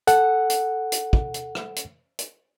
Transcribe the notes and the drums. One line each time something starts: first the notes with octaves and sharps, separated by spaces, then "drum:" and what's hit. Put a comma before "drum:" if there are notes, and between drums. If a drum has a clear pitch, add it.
A4 F#5, drum: hi-hat
drum: hi-hat
drum: hi-hat
drum: kick
drum: hi-hat
drum: rim click
drum: hi-hat
drum: hi-hat